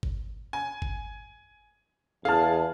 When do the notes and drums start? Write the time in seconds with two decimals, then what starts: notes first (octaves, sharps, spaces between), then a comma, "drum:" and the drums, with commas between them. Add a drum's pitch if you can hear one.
0.03 drum: kick G#1
0.53 G#5
0.82 drum: kick G#1
2.25 E2 G#4 F5 A5 F6